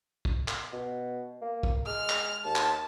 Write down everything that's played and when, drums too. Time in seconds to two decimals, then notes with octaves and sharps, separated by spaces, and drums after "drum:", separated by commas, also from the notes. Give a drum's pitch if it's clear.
0.25 drum: kick
0.48 drum: clap
0.73 B2
1.41 A#3
1.63 drum: kick
1.86 G#3 F6
2.10 drum: clap
2.44 D#2 A5
2.56 drum: clap